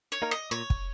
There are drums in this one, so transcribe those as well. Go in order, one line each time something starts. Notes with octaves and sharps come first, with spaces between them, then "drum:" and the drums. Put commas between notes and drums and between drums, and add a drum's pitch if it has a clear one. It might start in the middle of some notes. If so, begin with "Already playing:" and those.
C#5
A#3 D#4 A#4
D#5
A#2 C#5
drum: kick